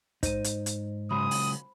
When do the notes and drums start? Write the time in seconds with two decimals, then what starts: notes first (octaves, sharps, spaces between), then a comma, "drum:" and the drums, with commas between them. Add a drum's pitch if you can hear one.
0.23 G#2 D#4 C5 D#7, drum: kick, hi-hat
0.44 drum: hi-hat
0.66 drum: hi-hat
1.11 C#3 F#3 G#3 B5 D#6
1.31 drum: open hi-hat